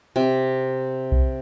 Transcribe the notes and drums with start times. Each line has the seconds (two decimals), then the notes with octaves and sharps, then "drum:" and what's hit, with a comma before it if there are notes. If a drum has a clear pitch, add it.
0.16 C3
1.12 drum: kick B1